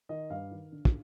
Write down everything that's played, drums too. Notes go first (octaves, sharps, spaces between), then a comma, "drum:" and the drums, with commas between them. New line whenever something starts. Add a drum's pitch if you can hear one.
D#3 D#5
G2 F5
D#3
D3
drum: kick